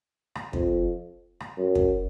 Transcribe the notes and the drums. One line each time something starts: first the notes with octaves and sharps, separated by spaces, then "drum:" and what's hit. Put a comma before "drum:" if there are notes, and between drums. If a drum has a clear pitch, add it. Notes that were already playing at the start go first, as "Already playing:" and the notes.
drum: rim click
F2, drum: kick
drum: rim click
F#2
drum: kick